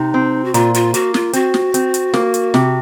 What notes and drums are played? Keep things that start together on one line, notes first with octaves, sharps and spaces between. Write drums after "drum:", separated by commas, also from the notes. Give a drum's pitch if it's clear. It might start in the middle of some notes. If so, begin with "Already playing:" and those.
Already playing: C3 D#4
C4
F#4
A#2 F4, drum: hi-hat
F4, drum: hi-hat
A#3 F#4, drum: hi-hat
F4, drum: snare
C4 F#4, drum: hi-hat
drum: snare
C4, drum: hi-hat
drum: hi-hat
A#3, drum: snare
drum: hi-hat
C3, drum: snare